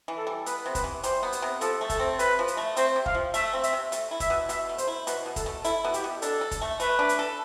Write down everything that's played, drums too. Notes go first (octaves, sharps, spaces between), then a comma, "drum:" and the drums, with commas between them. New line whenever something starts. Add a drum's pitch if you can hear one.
E3
A4
G3
B3 B4, drum: hi-hat
C3
B4, drum: kick, hi-hat
E3
G3 C5, drum: hi-hat
B3
drum: hi-hat
C3
F3 A4, drum: hi-hat
A3
A4, drum: kick, hi-hat
C4
C3 B4, drum: hi-hat
F3
drum: hi-hat
A3
C4 C5, drum: hi-hat
C3
F5, drum: kick
F3
A3 E5, drum: hi-hat
C4
E5, drum: hi-hat
C3
A3 E5, drum: hi-hat
E4
E5, drum: kick, hi-hat
B2
B2 E5, drum: hi-hat
A3
C5, drum: hi-hat
E4
B2 B4, drum: hi-hat
B2
A4, drum: kick, hi-hat
A3
E4 A4, drum: hi-hat
B2
G4, drum: hi-hat
B2
D4 A4, drum: hi-hat
A4
drum: kick, hi-hat
A3
A3 B4, drum: hi-hat
D4
drum: hi-hat
A4